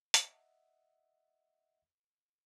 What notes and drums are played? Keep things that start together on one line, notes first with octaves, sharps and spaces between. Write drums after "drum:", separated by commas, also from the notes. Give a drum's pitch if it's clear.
D#5 E5 F#5, drum: hi-hat